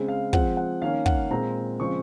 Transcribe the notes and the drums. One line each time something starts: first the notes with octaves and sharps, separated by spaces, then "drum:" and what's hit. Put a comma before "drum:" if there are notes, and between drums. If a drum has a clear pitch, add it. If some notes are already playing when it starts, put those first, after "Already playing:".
Already playing: C#3 G#3 C4
F5
F3 G#3 C4 F#5, drum: kick
F#5
D#3 A#3 C#4 F5
F#5, drum: kick
A#2 G#3 C4 A#5
C#3 F3 G#3 C4 C#6